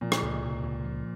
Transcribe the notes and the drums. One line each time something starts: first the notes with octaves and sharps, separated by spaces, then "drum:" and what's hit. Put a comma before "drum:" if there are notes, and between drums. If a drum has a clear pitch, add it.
A#2 F3
drum: rim click
C#2
C3
C#2
F3